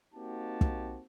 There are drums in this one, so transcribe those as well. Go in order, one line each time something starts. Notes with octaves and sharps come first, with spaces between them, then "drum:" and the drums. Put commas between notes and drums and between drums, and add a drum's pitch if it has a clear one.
A#3 C4 D#4 F#4 G4 A5
drum: kick